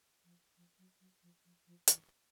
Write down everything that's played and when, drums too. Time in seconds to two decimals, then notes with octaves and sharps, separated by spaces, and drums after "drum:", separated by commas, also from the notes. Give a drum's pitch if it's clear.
0.24 F3
0.57 F3
0.78 F#3
1.00 F#3
1.23 F3
1.45 F3
1.67 F3
1.88 E3, drum: hi-hat